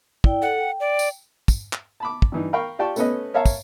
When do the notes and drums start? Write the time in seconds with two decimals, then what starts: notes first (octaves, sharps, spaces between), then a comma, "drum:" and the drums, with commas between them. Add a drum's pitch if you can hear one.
0.24 E4 D5 G5, drum: kick
0.42 A4 F#5
0.58 G5
0.80 D5
0.99 drum: tambourine
1.48 drum: kick, tambourine
1.73 drum: clap
2.00 A5 B5 D6
2.22 drum: kick
2.32 G2 E3 D#4
2.53 A#4 F5 G5 B5 C#6
2.79 F4 G4 D5 G5 A5 C#6
2.96 A3 B3 C#4 A4 B4 D#5, drum: tambourine
3.34 A#4 C#5 E5 F5 A5 A#5
3.46 drum: kick, tambourine